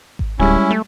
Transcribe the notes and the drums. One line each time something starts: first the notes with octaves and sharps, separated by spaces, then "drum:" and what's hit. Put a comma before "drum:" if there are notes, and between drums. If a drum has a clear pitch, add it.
drum: kick G#1
D1 G3 G#3 C#4 E4 G#5
A3